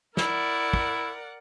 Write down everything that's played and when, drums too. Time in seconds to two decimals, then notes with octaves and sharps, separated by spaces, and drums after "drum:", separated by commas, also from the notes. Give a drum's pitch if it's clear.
0.17 E4 A#4 D5 F#5, drum: snare
0.73 drum: kick